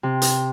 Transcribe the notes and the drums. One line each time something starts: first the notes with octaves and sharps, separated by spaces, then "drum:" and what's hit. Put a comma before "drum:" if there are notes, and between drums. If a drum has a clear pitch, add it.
C3
drum: hi-hat